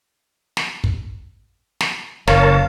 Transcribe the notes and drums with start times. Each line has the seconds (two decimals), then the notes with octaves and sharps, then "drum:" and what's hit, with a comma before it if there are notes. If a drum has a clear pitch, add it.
0.57 drum: snare
0.84 drum: kick
1.81 drum: snare
2.27 F#1 A#4 C#5 F5 A5, drum: snare